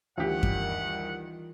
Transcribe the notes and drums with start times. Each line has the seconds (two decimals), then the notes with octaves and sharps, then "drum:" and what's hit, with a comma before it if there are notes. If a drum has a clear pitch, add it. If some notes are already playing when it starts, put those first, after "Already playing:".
0.18 D2 D#3 E3 G3 F4 G4 F#5
0.43 drum: kick F#2